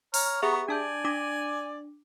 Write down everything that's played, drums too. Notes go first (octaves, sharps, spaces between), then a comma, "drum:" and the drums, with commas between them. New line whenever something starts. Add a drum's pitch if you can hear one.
C#5 A#5 F6, drum: open hi-hat
B3 G4 G#4 E5 A#5 C#6
D4 D5 G#5 A5 G6
D4 D6 A#6